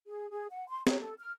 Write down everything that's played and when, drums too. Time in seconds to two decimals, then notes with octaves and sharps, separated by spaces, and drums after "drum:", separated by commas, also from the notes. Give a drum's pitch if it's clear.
0.07 G#4
0.30 G#4
0.51 F#5
0.69 C6
0.87 C#5, drum: snare
1.00 A4
1.19 F6